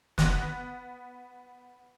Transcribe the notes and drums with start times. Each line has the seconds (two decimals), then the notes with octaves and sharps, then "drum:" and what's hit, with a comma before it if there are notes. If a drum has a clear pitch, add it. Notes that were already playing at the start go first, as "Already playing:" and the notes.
0.18 B3 F#6, drum: snare